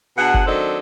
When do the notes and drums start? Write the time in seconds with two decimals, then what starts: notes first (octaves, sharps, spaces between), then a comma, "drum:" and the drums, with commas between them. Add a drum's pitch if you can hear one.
0.18 B2 D4 G#4 F#5
0.34 drum: kick F#1
0.46 D#3 F#3 C4 D4 A4 D#5